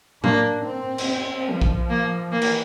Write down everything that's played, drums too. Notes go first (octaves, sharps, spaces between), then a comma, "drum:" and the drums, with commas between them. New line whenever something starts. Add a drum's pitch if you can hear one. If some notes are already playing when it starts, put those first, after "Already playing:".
A#3 D4, drum: tom A2
C4
drum: cymbal
C4
F3
drum: kick A#1
A#3
E3 A#3
drum: cymbal